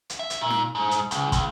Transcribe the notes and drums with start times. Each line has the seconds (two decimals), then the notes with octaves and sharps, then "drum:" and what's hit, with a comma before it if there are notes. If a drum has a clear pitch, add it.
0.10 drum: hi-hat
0.19 E5
0.30 drum: hi-hat
0.41 A#2
0.50 drum: snare
0.75 G#2
0.91 drum: hi-hat
1.11 C#2, drum: hi-hat
1.32 C#2, drum: kick, hi-hat